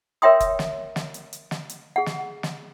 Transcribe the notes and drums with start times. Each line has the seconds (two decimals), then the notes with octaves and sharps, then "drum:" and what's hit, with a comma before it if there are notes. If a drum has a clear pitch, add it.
0.22 A#4 C#5 E5 G5 C6 D#6
0.40 drum: kick, hi-hat
0.59 drum: snare
0.96 drum: snare
1.14 drum: hi-hat
1.33 drum: hi-hat
1.51 drum: snare
1.69 drum: hi-hat
1.96 G#4 F#5
2.06 drum: snare
2.43 drum: snare